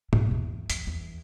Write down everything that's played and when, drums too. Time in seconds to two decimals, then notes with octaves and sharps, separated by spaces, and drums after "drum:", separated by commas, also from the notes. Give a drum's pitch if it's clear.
0.13 B2, drum: tom
0.31 E2
0.70 F2, drum: hi-hat
0.87 E2